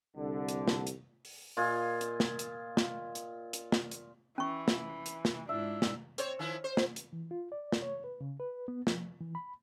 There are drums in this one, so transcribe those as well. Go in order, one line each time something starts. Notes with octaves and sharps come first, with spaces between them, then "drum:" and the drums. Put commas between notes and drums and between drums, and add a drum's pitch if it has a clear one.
C2 D3
drum: hi-hat
drum: snare
drum: hi-hat
drum: open hi-hat
A#2 F4 D#5 G#5
drum: hi-hat
drum: snare
drum: hi-hat
drum: snare
drum: hi-hat
drum: hi-hat
drum: snare
drum: hi-hat
E3 C#4 C#6
drum: snare
drum: hi-hat
drum: snare
G#2 D4 E4 F4 E5
drum: snare
C4 C5 C#5, drum: hi-hat
D#3 F3 E4
C5
drum: snare
drum: hi-hat
E3
F4
D5
drum: snare
C#5
B4
C#3
B4
B3
F3, drum: snare
E3
B5